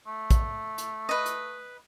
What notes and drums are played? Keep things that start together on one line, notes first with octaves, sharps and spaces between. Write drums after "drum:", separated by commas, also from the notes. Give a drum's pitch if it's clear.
A3
drum: kick, hi-hat
drum: hi-hat
B4 D#5
drum: hi-hat